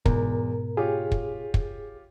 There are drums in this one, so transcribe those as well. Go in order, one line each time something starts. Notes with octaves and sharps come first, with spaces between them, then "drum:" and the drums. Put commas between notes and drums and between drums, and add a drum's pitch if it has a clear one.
E2 G#2 B2 A#4, drum: kick
F4 G4 G#4 C#5
drum: kick
drum: kick